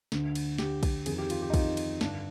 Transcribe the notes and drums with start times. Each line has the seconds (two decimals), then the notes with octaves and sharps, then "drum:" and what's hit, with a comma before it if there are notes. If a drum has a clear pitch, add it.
0.12 D2 D3, drum: snare
0.35 drum: cymbal
0.58 D2 D3 G4, drum: snare
0.83 drum: kick, cymbal
1.06 F2 D#3 G#4, drum: cymbal
1.18 G4
1.30 F4, drum: cymbal
1.42 G4
1.50 D#4
1.54 F2 D#3 F4, drum: kick, cymbal
1.77 drum: cymbal
2.01 G2 D3 D4, drum: snare